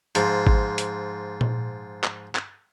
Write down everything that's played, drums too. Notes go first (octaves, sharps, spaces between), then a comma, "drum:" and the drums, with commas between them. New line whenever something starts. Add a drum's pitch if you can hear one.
G#2 F3, drum: hi-hat
drum: kick G#1
drum: hi-hat
drum: tom A#2
drum: clap
drum: clap